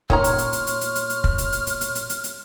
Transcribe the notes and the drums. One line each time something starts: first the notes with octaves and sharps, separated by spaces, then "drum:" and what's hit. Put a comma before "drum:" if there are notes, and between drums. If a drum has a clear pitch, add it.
A#2 D#3 C#4 C#5 A#5 C6 C#6 F6, drum: kick
drum: hi-hat
drum: hi-hat
drum: hi-hat
drum: hi-hat
drum: hi-hat
drum: hi-hat
drum: hi-hat
drum: kick
drum: hi-hat
drum: hi-hat
drum: hi-hat
drum: hi-hat
drum: hi-hat
drum: hi-hat
drum: hi-hat